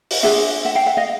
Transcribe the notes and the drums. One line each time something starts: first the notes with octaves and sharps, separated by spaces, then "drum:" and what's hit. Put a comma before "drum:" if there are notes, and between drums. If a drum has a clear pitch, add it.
drum: open hi-hat
D4 F4 G#4 E5 F#5
E5 F#5
F5 G5
E5 F#5
D#5 F5